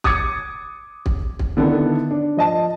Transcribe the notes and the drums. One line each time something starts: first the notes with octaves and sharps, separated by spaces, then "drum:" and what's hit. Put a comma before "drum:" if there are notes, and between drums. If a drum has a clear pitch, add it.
D6 D#6 G#6 A6 C#7, drum: kick
drum: kick
drum: kick
D3 D#3 B3 D4 E4 A4
D4
F3 D#5 A5